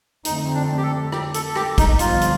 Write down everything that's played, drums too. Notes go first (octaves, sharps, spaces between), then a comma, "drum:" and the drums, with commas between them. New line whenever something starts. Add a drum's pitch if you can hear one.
F2 D3 A3 C4 D#4, drum: hi-hat
D4
G4
A4
G4, drum: rim click
A4, drum: hi-hat
A4
G4, drum: rim click
D#4, drum: kick, hi-hat
G1 G2 D3 F3 C4 F4, drum: hi-hat
drum: hi-hat